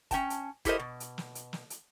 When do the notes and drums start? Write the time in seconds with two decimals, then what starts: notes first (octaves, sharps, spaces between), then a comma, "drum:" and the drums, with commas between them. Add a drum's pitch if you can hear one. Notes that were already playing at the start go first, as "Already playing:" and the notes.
0.11 C#4 G5 A5, drum: kick, hi-hat
0.30 drum: hi-hat
0.65 E4 G4 A4 A#4 C5 D#5, drum: kick, hi-hat
0.80 B2
1.00 drum: hi-hat
1.18 drum: snare
1.35 drum: hi-hat
1.53 drum: snare
1.70 drum: hi-hat